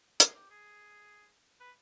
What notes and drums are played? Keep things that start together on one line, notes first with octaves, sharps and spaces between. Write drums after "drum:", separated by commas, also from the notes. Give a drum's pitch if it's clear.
G#4, drum: hi-hat
G4
G#4
B4